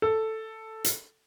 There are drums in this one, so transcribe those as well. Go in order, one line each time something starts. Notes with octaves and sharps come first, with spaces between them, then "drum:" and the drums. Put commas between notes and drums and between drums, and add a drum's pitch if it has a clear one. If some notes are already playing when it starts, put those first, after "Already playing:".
A4
drum: hi-hat